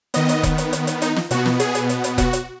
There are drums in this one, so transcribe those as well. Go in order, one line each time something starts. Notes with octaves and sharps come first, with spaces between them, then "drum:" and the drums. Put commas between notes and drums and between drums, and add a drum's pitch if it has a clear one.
D#3 B3 D#5, drum: hi-hat
drum: hi-hat
drum: kick E1, hi-hat
drum: hi-hat
drum: hi-hat
drum: hi-hat
D#4, drum: hi-hat
drum: snare
B2 B3 F#4, drum: hi-hat
drum: snare
G#4, drum: hi-hat
drum: hi-hat
drum: hi-hat
drum: hi-hat
F#4, drum: kick E1, hi-hat
drum: hi-hat